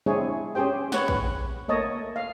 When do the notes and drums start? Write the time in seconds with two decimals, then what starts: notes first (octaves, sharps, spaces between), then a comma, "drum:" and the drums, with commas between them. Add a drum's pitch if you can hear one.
0.06 G#3 C4 D4 E4 G#4 C#5
0.55 C#4 G4 G#4 C5 G5
0.92 B4 C#5 F#5, drum: snare
1.08 drum: kick A#1
1.68 A3 A#3 C#5 D#5 A5
2.16 F5